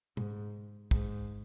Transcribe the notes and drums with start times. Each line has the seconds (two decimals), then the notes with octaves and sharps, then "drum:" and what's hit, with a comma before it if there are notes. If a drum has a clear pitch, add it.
0.17 G#2, drum: tom
0.91 G#2, drum: kick